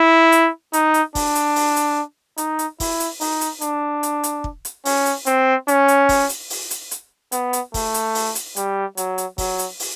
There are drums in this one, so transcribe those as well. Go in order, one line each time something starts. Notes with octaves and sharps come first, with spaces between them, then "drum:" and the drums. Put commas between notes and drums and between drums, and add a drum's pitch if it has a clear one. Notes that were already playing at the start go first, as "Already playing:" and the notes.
Already playing: E4
drum: hi-hat
D#4, drum: hi-hat
drum: hi-hat
D4, drum: kick, open hi-hat
drum: hi-hat
drum: open hi-hat
drum: hi-hat
D#4, drum: hi-hat
drum: hi-hat
E4, drum: kick, open hi-hat
drum: hi-hat
D#4, drum: open hi-hat
drum: hi-hat
D4, drum: hi-hat
drum: hi-hat
drum: hi-hat
drum: kick
drum: hi-hat
C#4, drum: open hi-hat
drum: hi-hat
C4, drum: hi-hat
C#4, drum: hi-hat
drum: hi-hat
drum: kick, open hi-hat
drum: hi-hat
drum: open hi-hat
drum: hi-hat
drum: hi-hat
B3, drum: hi-hat
drum: hi-hat
A3, drum: kick, open hi-hat
drum: hi-hat
drum: open hi-hat
drum: hi-hat
G3, drum: hi-hat
F#3, drum: hi-hat
drum: hi-hat
F#3, drum: kick, open hi-hat
drum: hi-hat
drum: open hi-hat